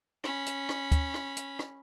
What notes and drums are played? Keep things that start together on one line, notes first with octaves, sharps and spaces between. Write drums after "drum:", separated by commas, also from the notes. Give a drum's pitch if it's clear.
C#4 B5, drum: rim click
drum: hi-hat
drum: rim click
drum: kick, hi-hat
drum: rim click
drum: hi-hat
drum: rim click